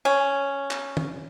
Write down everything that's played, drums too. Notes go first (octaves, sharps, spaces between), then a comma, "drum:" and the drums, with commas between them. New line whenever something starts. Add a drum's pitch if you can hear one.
C#4
drum: clap
drum: tom